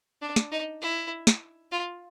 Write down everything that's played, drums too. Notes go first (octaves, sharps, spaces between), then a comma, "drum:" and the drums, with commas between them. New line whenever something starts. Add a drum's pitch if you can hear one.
D4
drum: snare
D#4
E4
drum: snare
F4